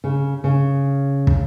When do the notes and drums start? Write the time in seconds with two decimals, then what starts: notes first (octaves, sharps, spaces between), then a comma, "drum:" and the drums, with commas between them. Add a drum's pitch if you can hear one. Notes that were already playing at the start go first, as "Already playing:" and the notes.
0.04 C#3
0.44 C#3
1.27 drum: kick